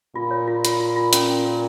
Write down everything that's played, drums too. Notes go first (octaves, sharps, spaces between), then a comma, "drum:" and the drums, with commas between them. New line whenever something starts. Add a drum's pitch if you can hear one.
A#2 F4
C#5
F4
F4, drum: hi-hat
F4
F4
C#4, drum: hi-hat
C#4
A#4